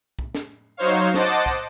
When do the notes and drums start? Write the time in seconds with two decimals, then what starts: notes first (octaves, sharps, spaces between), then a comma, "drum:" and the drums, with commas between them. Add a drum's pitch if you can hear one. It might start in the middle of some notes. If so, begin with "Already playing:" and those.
0.19 drum: kick
0.35 drum: snare
0.77 F#3 D#4 C5 C#5 F5
1.14 C5 D#5 F#5 A5 D6 A6, drum: snare
1.46 drum: kick